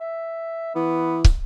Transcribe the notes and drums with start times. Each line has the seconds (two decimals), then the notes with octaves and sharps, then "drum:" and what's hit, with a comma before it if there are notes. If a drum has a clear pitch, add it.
0.01 E5
0.75 E3 B3
1.24 drum: kick